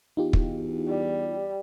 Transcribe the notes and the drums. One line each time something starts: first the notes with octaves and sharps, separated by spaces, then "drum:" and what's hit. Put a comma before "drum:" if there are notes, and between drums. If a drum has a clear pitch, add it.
E2 D#4 F4 G4
drum: kick
G3